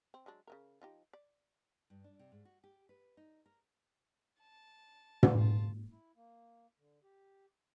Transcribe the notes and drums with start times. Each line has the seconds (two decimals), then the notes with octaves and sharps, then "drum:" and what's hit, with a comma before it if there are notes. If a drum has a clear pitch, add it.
0.14 C4
0.26 F#3 G#3 D4
0.47 C#3 E3 A#4
0.82 F3 D#4 G4
1.13 D5
1.90 G2
2.04 D4
2.19 C3
2.32 G#2
2.45 F#4
2.64 G4
2.89 B4
3.17 D#4
3.46 A#4
4.40 A5
5.23 drum: tom
5.37 F4 A5
5.92 E4
6.16 A#3
6.79 D3
7.03 G4